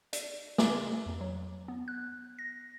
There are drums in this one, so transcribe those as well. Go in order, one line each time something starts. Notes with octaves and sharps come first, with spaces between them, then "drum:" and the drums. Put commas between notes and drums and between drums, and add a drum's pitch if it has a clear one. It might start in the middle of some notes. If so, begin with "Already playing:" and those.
D5, drum: hi-hat
D6, drum: snare
F2
F#3
B3
F#6
A#6